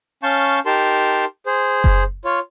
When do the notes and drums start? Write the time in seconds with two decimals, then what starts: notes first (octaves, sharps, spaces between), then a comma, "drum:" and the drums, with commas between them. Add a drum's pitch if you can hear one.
0.23 C#4 F5 A5 C#6 G6
0.66 D#4 G4 A#4 A5 C6
1.46 G#4 C5
1.84 drum: kick F#1
2.25 F4 C#5